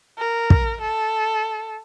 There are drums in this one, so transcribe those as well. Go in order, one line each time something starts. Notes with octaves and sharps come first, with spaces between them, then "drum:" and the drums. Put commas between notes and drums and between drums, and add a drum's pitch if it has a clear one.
A#4
drum: kick
A4